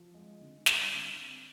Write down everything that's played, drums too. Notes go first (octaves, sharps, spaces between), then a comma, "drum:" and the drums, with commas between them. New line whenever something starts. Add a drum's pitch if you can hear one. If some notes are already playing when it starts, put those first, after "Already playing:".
Already playing: F3
G#3
D3
G3, drum: snare
D3
C4